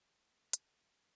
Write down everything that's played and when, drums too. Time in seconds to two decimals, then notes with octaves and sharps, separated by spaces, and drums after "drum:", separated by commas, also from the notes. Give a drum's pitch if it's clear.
0.17 C3 F3 A3 A4 A5
0.53 drum: hi-hat